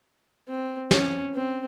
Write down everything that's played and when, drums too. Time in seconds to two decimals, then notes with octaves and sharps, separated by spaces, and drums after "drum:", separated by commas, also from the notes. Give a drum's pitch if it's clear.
0.48 C4
0.91 C#4, drum: snare
1.35 C4